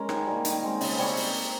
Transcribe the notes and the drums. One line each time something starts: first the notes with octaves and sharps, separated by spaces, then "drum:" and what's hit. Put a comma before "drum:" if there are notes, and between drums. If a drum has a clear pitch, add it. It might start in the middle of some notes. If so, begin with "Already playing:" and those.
Already playing: G#3 C#4 A#4
D#3 C#5, drum: rim click
G3 A#3
D#3, drum: hi-hat
G#3 C4
C#3 D#5, drum: open hi-hat
G3 C4 C#5
drum: open hi-hat